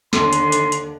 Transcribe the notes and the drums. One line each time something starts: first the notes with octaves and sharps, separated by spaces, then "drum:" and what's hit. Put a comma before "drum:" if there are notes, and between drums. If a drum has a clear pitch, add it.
D#2 D3 C6, drum: snare
drum: hi-hat
drum: hi-hat
drum: hi-hat